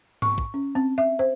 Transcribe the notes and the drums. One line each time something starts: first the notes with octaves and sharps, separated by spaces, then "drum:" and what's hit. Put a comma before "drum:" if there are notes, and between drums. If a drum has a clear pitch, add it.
C#6, drum: tom G#2
drum: kick
C#4
C4
E5
C5